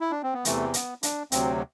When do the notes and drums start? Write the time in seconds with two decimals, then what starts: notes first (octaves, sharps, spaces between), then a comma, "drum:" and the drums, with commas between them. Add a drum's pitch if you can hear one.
0.01 E4
0.11 D4
0.23 C4
0.34 B3
0.45 E2 C3 E3 A3, drum: hi-hat
0.74 B3, drum: hi-hat
1.03 D4, drum: hi-hat
1.32 D2 C3 F#3 C4, drum: hi-hat